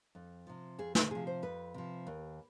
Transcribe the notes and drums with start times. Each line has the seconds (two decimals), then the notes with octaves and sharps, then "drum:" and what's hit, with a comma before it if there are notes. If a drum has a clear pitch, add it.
0.15 F2
0.47 C3 F3
0.79 F2 G#4
0.95 B4, drum: snare
1.11 C3 F3 G#4
1.27 C5
1.43 F2 B4
1.74 C3 F3
2.07 D#2